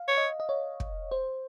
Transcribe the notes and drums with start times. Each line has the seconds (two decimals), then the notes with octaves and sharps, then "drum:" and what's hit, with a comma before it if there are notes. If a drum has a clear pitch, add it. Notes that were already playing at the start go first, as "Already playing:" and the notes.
Already playing: F5
0.08 C#5
0.17 D#5
0.40 D#5
0.49 C#5
0.80 drum: kick
1.12 C5